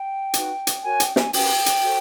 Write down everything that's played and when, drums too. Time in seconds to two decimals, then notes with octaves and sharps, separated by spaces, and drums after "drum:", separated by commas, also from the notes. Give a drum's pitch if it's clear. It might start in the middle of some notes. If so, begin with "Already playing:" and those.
Already playing: G5
0.34 D#4 F#4 B4, drum: hi-hat
0.67 drum: hi-hat
0.83 F#4 A#4 C#5 G#5
1.00 G5, drum: hi-hat
1.16 G#5, drum: snare
1.33 C#4 F#4 B4 G5, drum: open hi-hat
1.66 drum: hi-hat
1.83 F#4 A4 C5